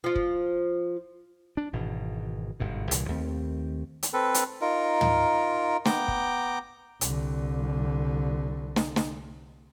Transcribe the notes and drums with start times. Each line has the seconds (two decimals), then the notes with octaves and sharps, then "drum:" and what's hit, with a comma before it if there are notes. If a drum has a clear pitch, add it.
0.04 F3 F4
0.15 drum: kick
1.57 D4
1.73 G#1 B2 E3
2.60 G1 G#2 B2
2.91 C2 A#2 E3, drum: hi-hat
3.08 D#2 A3 C4
4.03 drum: hi-hat
4.13 C4 A4 B4
4.34 drum: hi-hat
4.61 D#4 F4 A#4
5.01 drum: tom
5.85 B3 G5 A#5 D6, drum: snare
6.08 drum: kick
7.01 C2 D3, drum: hi-hat
8.76 drum: snare
8.96 drum: snare